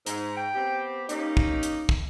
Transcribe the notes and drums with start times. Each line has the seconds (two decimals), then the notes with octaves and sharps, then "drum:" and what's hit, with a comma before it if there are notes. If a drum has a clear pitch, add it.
0.06 G#2 A#5, drum: hi-hat
0.37 G5
0.55 B3 C4 G4
1.09 A#3 C#4 D#4 G4, drum: hi-hat
1.37 drum: kick
1.63 drum: hi-hat
1.89 drum: kick